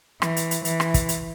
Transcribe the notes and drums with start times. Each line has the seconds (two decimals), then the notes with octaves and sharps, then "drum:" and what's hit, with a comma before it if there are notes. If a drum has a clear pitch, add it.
0.22 E3, drum: rim click
0.37 drum: hi-hat
0.51 drum: hi-hat
0.65 E3, drum: hi-hat
0.80 drum: rim click
0.94 drum: kick, hi-hat
1.09 drum: hi-hat